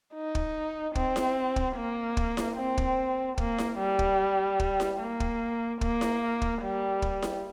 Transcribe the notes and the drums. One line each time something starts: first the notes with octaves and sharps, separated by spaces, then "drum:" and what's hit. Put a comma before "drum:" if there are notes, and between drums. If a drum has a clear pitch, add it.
D#4
drum: kick
C4, drum: kick
drum: snare E4
drum: kick
A#3
drum: kick
drum: snare E4
C4
drum: kick
A#3, drum: kick
drum: snare E4
G3
drum: kick
drum: kick
drum: snare E4
A#3
drum: kick
A#3, drum: kick
drum: snare E4
drum: kick
G3
drum: kick
drum: snare E4